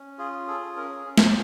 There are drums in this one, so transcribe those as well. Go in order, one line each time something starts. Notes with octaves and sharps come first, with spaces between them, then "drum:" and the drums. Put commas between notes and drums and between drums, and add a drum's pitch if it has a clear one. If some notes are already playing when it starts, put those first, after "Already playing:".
Already playing: C#4
F4 G#4
G#4 A4
C#4 A#4
C#4
drum: snare